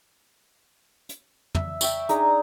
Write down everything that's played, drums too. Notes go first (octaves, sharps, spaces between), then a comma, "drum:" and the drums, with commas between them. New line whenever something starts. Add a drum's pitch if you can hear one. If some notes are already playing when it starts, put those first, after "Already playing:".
drum: hi-hat
E5, drum: tom
E5 G5 C#6, drum: tambourine
D4 D#4 G#4 A#5, drum: hi-hat